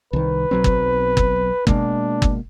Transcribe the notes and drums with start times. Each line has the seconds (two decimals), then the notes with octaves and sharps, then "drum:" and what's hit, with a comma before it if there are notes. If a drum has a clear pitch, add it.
0.13 C2 D#3 B4
0.51 B1 F#3 C4
0.64 drum: kick
1.17 drum: kick
1.67 B2 G#3 A#3 D4, drum: kick
2.22 drum: kick